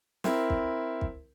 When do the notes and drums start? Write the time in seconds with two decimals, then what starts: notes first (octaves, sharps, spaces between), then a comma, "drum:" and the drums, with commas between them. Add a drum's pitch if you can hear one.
0.24 C4 E4 A#4, drum: snare
0.50 drum: kick
1.01 drum: kick